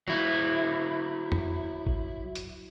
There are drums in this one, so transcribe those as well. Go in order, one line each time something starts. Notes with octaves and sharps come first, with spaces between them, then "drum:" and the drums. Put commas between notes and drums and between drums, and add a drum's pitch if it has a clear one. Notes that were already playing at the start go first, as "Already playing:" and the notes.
F#3 E4, drum: tom
drum: tom F2
drum: kick
drum: hi-hat